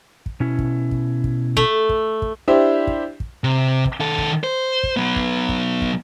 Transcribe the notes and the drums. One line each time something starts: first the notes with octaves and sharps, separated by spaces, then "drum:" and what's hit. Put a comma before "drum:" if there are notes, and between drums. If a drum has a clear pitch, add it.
drum: kick
B2 C#4 E4
drum: kick
drum: kick
drum: kick
A3, drum: kick
drum: kick
drum: kick
D4 E4 G4 C5
drum: kick
drum: kick
C3
drum: kick
D#3 A4
drum: kick
C5
drum: kick
F#3 B3
drum: kick
drum: kick
drum: kick